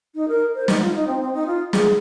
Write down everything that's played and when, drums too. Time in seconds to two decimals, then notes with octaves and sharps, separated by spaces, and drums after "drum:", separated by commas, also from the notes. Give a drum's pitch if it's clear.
0.15 D#4
0.28 A#4
0.55 C5
0.68 D#4, drum: snare
0.81 F4
0.94 D#4
1.07 C4
1.20 C4
1.33 D#4
1.47 F4
1.73 G#4, drum: snare